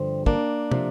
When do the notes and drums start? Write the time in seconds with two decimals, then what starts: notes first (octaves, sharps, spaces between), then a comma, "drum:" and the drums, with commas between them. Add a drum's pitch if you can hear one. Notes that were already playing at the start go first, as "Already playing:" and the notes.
Already playing: G2 D3 F3 C4
0.26 A#3 D4, drum: kick
0.72 C3 F3, drum: tom